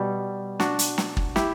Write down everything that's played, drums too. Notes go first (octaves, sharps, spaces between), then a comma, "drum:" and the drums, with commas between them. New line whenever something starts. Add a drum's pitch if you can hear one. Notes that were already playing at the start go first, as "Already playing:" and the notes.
Already playing: B2 G3
D4 F#4, drum: snare
drum: hi-hat
drum: snare
drum: kick
E4 G4, drum: snare